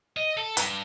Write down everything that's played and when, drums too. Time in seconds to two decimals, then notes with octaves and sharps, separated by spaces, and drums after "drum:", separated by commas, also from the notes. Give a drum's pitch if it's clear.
0.17 D#5
0.37 A4
0.57 G2, drum: hi-hat